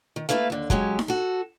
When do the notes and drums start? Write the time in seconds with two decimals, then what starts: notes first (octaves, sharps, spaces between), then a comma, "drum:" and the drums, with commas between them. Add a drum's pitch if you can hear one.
0.16 D#3
0.29 A3 A#3 D4 E4 B4 F5
0.50 D#2 D3
0.70 F#3 G#3 C#4 G4, drum: kick
0.99 drum: snare D#4
1.08 F#4 A4